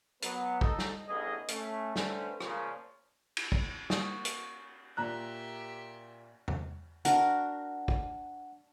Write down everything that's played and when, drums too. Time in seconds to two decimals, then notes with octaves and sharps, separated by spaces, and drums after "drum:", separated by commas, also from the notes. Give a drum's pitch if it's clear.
0.22 F#3 B3, drum: hi-hat
0.61 D#4 A4 D#5, drum: kick
0.79 drum: snare
1.07 A1 E2 G2 G#4 A4 D#5
1.48 A3 C#4, drum: hi-hat
1.96 D3 A3 C#4 A4 B4 C5, drum: snare
2.41 A#2 C#3 F3, drum: rim click
3.37 drum: cymbal
3.52 drum: kick
3.90 A#3 F#4 D#6, drum: snare
4.25 drum: hi-hat
4.97 A#2 G4 E5 A#5 F#6
6.48 drum: tom E2
7.05 D4 F#4 A#4 F#5, drum: hi-hat
7.88 drum: kick